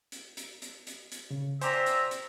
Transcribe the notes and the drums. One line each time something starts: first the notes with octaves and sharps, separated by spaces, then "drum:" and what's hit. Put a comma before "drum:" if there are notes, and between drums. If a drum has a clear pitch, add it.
drum: hi-hat
drum: hi-hat
drum: hi-hat
drum: hi-hat
drum: hi-hat
C#3
F4 C5 D5 E5 G5 G#5 A#5 D6, drum: hi-hat
drum: hi-hat
drum: hi-hat